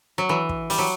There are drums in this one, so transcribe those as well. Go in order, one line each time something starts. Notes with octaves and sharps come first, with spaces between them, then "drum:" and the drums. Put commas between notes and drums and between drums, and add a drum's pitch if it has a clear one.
F#3
E3
drum: kick
G3, drum: open hi-hat
F#3